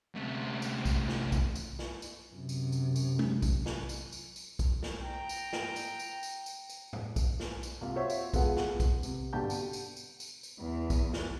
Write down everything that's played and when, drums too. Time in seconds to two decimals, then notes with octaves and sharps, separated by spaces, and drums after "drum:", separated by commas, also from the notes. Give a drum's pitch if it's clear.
0.15 D2 C3
0.62 drum: tambourine
0.85 drum: kick B1, tambourine
1.09 drum: snare
1.32 drum: kick B1, tambourine
1.55 drum: tambourine
1.79 drum: snare
2.02 drum: tambourine
2.32 F#2 C3
2.49 drum: tambourine
2.72 drum: tambourine
2.96 drum: tambourine
3.19 drum: tom
3.42 drum: kick B1, tambourine
3.66 drum: snare
3.89 drum: tambourine
4.12 drum: tambourine
4.36 drum: tambourine
4.59 drum: kick B1, tambourine
4.83 drum: snare
5.02 G5 A#5
5.29 drum: tambourine
5.53 drum: snare
5.76 drum: tambourine
5.99 drum: tambourine
6.23 drum: tambourine
6.46 drum: tambourine
6.70 drum: tambourine
6.93 drum: tom A2
7.16 drum: kick B1, tambourine
7.40 drum: snare
7.63 drum: tambourine
7.81 C2 A#3 F4
7.95 F4 F#4 C5 C#5 E5
8.10 drum: tambourine
8.34 G#3 B3 F4 G#4 A4 F#5, drum: kick B1, tambourine
8.56 drum: snare
8.80 drum: kick B1, tambourine
9.03 C3, drum: tambourine
9.33 G2 B2 D3 G4 A5 G6
9.50 drum: tambourine
9.73 drum: tambourine
9.97 drum: tambourine
10.20 drum: tambourine
10.43 drum: tambourine
10.59 E2
10.90 drum: kick B1, tambourine
11.13 drum: snare